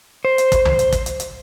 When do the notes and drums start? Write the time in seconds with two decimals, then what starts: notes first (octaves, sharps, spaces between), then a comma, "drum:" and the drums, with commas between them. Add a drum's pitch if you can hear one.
0.25 C5
0.38 drum: hi-hat
0.52 drum: kick, hi-hat
0.65 drum: tom C#2
0.79 drum: hi-hat
0.92 drum: kick, hi-hat
1.06 drum: hi-hat
1.20 drum: hi-hat